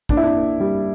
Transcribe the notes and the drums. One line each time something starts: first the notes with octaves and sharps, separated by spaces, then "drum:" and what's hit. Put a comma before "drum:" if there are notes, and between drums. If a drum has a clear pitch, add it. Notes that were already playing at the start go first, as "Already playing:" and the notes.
A#3 D4, drum: kick
E4
D4
A#3
G3